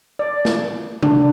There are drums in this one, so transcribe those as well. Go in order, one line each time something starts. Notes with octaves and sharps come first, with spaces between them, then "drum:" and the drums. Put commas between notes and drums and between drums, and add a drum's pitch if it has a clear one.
D5
drum: snare
D4, drum: tom C3